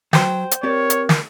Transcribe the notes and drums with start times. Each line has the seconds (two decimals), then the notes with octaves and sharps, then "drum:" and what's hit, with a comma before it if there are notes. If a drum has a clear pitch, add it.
0.13 F#3 C5 G5, drum: snare
0.51 drum: hi-hat
0.63 C4 G4 A#4 C#5 D5
0.90 drum: hi-hat
1.09 drum: snare